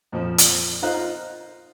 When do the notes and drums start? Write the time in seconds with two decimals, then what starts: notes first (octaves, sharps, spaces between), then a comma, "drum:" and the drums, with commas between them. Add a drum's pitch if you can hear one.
0.12 F2 A#2 F3
0.38 drum: hi-hat
0.82 D#4 F4 C5 F5 A#5 F#6